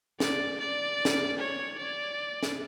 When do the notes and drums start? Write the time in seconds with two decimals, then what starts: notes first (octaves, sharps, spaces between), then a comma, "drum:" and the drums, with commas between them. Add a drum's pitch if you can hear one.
0.20 D5, drum: snare
0.60 D5
1.05 drum: snare
1.39 C#5
1.79 D5
2.43 drum: snare